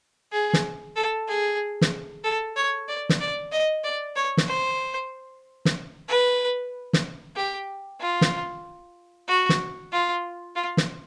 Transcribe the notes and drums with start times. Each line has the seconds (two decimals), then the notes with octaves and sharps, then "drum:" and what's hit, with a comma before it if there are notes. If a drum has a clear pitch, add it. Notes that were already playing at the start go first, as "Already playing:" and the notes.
0.32 G#4
0.53 drum: snare
0.96 A4
1.28 G#4
1.81 drum: snare
2.24 A4
2.56 C#5
2.88 D5
3.09 drum: snare
3.20 D5
3.52 D#5
3.84 D5
4.16 C#5
4.37 drum: snare
4.48 C5
5.65 drum: snare
6.08 B4
6.93 drum: snare
7.36 G4
8.00 F4
8.21 drum: snare
9.28 F#4
9.49 drum: snare
9.92 F4
10.56 F4
10.77 drum: snare